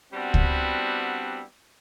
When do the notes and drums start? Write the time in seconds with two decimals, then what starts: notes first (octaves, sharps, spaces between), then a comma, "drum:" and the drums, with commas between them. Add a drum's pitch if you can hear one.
0.13 G3 B3 C4 D4 E4 F#4
0.34 drum: kick C#2